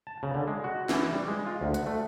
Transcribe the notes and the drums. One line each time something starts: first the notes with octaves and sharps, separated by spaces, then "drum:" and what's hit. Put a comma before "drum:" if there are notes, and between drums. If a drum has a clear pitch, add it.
A5
C#3
D3
G#3
F#4
E3, drum: snare
G3
G#3
F4
D2
F#5, drum: hi-hat
A3